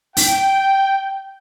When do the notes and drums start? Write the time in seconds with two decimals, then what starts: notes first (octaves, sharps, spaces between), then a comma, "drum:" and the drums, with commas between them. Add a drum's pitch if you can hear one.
0.17 G5, drum: open hi-hat